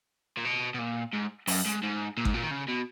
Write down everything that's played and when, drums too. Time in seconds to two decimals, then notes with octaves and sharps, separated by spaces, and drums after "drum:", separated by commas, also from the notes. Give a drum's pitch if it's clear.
0.37 A#2
0.45 B2
0.74 B2
0.79 A#2
1.13 G#2
1.47 F#2, drum: open hi-hat
1.66 G#2
1.83 G#2
2.17 A#2
2.25 G#2, drum: kick G#1
2.34 A#2
2.43 D#3
2.51 C#3
2.68 B2